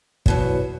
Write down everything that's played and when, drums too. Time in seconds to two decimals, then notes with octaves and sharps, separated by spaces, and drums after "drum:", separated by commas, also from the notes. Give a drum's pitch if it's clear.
0.26 E2 B2 F#3, drum: kick